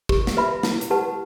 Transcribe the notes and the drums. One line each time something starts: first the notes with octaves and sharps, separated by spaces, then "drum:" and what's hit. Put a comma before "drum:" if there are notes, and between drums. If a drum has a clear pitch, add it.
G4, drum: kick
drum: snare
B4 E5 B5
E4, drum: snare
drum: hi-hat
G4 B4 F#5 A5